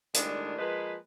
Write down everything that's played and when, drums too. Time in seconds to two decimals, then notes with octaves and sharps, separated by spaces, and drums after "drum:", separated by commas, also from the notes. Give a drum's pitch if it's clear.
0.14 A2 D#3 G3 G#3 D4, drum: hi-hat
0.59 F3 G#3 A#3 B4